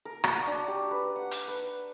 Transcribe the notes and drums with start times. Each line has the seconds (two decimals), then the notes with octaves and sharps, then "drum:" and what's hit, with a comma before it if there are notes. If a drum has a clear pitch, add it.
0.05 A#4
0.24 F#4, drum: rim click
0.47 D4
0.68 G4
0.91 B4
1.16 F#5
1.31 drum: hi-hat
1.48 B4